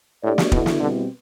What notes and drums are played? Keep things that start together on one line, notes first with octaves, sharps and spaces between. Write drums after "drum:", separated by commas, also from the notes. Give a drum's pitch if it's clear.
A2 A3 D4 G4 D5
drum: snare
B2 D3 A3 E4, drum: kick
drum: snare
B2 D3 G3 C4 E4